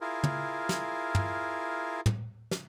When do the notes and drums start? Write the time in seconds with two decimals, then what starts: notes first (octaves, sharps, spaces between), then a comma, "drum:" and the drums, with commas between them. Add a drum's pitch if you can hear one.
0.01 E4 F4 G#4 A#4
0.24 drum: tom
0.69 drum: snare
1.15 drum: tom
2.06 drum: tom
2.51 drum: snare